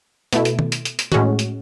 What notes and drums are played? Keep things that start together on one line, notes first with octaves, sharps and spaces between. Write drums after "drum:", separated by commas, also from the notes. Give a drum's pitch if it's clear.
B2 A3 E4, drum: hi-hat
drum: hi-hat
drum: tom
drum: hi-hat
drum: hi-hat
drum: hi-hat
A2 G#3 C#4 F#4, drum: tom
drum: hi-hat